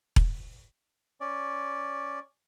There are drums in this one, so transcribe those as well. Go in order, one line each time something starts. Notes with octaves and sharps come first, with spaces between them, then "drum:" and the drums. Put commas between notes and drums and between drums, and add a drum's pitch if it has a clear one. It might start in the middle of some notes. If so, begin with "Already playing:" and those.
drum: kick E1
C#4 D5